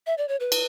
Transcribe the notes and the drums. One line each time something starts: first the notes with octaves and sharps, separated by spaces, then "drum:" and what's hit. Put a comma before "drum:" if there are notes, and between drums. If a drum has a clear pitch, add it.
E5
D5
C#5
B4
drum: cymbal